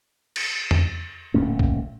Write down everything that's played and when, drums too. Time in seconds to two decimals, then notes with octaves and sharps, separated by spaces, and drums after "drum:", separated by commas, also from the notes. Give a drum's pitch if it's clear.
0.36 drum: cymbal
0.71 drum: tom E2
1.34 D1 A#2 A3 C#4
1.59 drum: kick B1